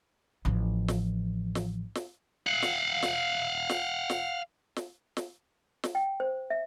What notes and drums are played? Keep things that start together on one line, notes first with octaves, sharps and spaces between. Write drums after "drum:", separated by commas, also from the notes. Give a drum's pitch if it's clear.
A1 F3
drum: snare
drum: snare
drum: snare
F5 F#5
drum: snare
drum: snare
drum: snare
drum: snare
drum: snare
drum: snare
drum: snare
G5
C5
E5